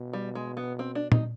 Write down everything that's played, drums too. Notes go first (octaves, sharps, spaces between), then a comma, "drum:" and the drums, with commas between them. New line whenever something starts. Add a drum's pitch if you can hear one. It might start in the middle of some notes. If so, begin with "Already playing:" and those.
Already playing: B2
G3
G#3
B3
C4
D4
D#4, drum: tom